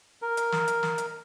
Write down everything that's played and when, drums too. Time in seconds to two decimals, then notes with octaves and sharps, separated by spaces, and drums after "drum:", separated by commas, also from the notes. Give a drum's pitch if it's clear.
0.22 A#4
0.37 drum: hi-hat
0.52 drum: snare
0.68 drum: hi-hat
0.83 drum: snare
0.98 drum: hi-hat